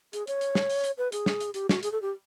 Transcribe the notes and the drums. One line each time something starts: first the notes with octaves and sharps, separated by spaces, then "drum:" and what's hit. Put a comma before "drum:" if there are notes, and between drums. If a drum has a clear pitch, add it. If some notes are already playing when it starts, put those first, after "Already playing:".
G#4, drum: hi-hat
C#5, drum: hi-hat
drum: hi-hat
drum: snare
drum: open hi-hat
drum: hi-hat
B4
G#4, drum: hi-hat
drum: snare
drum: hi-hat
G4, drum: hi-hat
F#4, drum: snare
G#4, drum: hi-hat
A4
G4